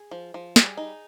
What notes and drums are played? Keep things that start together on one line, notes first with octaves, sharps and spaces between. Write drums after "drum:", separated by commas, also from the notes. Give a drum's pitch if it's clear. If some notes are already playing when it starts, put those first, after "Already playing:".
Already playing: G#4
F3
F3
G3 G#4, drum: snare
D#4